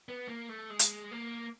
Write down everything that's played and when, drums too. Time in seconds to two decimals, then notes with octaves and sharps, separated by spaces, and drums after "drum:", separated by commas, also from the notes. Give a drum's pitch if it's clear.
0.09 B3
0.28 A#3
0.49 A3
0.70 G#3
0.79 drum: hi-hat
1.12 A#3